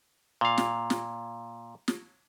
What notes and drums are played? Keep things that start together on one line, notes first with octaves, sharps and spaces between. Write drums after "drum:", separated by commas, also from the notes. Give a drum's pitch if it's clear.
A#2 F5
drum: snare
drum: snare
drum: snare